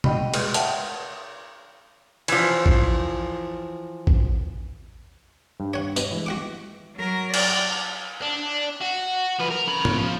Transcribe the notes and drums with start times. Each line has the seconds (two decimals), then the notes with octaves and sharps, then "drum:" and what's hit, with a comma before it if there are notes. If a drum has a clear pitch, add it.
0.04 F#4 D#5 G5 B5, drum: tom
0.34 G#3 B4 C6 F6, drum: cymbal
0.54 E5 F#5 G5 A5, drum: hi-hat
2.28 E3 F3, drum: cymbal
2.66 drum: kick A1
4.07 drum: kick A1
5.60 G2
5.74 C#5 F#5
5.96 B2, drum: tambourine
6.11 E3 G#3
6.26 F#4 F#5 D6
6.96 F#3 A#4
7.34 D5, drum: cymbal
8.22 D4
8.81 F#4
9.40 F3 B4
9.51 A#4
9.68 C#4 B5
9.85 drum: tom
9.98 F3